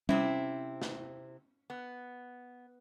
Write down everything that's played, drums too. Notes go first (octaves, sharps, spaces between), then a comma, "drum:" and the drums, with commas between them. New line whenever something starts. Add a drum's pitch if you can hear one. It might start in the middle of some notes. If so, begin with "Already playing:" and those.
C3 C4 C#4 E4, drum: tom G3
drum: snare
B3